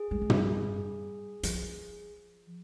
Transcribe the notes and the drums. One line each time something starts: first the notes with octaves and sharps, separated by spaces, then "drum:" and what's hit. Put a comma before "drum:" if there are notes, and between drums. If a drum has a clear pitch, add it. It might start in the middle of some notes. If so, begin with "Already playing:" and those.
Already playing: G#4
G#3
G#3
G3, drum: tom
F3, drum: hi-hat